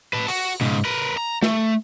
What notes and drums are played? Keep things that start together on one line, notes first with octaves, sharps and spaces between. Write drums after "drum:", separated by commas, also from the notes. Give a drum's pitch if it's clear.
B4 A5
F#4, drum: open hi-hat
G#2 C#3, drum: tom B2
A#4 B4
A#5
A3, drum: snare